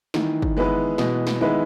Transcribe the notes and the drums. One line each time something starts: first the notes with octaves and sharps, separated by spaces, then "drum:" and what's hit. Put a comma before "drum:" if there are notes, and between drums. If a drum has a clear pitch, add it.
D#3 E3, drum: snare
drum: kick
G#3 B3 E4 B4
B2 E3, drum: snare
drum: snare
D#3 G#3 B3 E4 B4